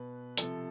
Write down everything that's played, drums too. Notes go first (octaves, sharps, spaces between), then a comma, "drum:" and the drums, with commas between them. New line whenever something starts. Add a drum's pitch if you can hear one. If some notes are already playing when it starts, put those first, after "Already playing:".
Already playing: B2 B4
C3 F3 A4, drum: hi-hat